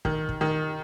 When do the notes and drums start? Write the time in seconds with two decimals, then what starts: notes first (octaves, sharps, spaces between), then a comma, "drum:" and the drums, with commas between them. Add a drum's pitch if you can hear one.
0.05 D#3, drum: kick
0.29 drum: kick
0.41 D#3